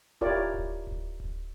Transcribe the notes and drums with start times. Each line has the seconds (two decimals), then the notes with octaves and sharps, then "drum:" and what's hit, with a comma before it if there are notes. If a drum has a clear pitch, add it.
0.21 E4 F4 G4 A#4 C#5 D5, drum: kick D1
0.54 drum: kick D1
0.87 drum: kick D1
1.20 drum: kick D1